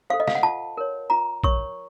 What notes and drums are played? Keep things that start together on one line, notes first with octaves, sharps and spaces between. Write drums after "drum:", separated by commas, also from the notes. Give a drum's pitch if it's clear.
A4 C5 F5
D#5
F5, drum: snare
F#5
F4 A5
A#4 C#5
F4 A#5
A#4 C#5 C#6, drum: kick A#1